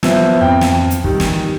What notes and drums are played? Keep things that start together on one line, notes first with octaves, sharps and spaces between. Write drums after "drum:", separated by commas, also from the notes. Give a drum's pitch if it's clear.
F3 B3 E4, drum: snare
F2 G5
drum: snare
drum: hi-hat
D#3 G3, drum: kick
drum: snare